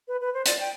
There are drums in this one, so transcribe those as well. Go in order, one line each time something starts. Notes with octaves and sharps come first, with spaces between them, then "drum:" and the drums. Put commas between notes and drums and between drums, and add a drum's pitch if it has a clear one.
B4
B4
C5
D5, drum: hi-hat
G5